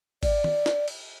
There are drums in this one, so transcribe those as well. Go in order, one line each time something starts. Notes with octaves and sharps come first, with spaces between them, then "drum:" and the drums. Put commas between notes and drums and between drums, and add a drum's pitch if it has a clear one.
D5, drum: kick G#1, cymbal
drum: tom
drum: snare
drum: cymbal